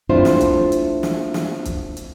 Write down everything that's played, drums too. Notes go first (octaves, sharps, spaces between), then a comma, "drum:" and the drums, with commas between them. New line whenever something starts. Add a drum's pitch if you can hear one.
A3 C4 D4 E4 F4 C5
drum: snare
drum: kick, hi-hat
drum: hi-hat
drum: snare
drum: snare
drum: kick, hi-hat
drum: hi-hat